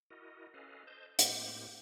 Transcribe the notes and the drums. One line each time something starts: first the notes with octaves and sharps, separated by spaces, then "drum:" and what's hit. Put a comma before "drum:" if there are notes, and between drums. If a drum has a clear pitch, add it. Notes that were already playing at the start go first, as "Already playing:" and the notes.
E4 F#4 A#4 D#5
C#4 A4 B4 D#5 F5
C5 D#5 A5 G6
A2 A#3 C4 G4, drum: hi-hat